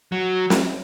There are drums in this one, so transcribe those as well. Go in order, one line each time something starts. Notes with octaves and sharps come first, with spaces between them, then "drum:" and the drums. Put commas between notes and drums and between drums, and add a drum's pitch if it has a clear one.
F#3
drum: snare